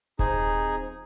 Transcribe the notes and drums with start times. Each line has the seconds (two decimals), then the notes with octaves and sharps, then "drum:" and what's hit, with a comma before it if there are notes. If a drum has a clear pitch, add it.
0.19 C3 F3 D#4 G#4, drum: kick D#1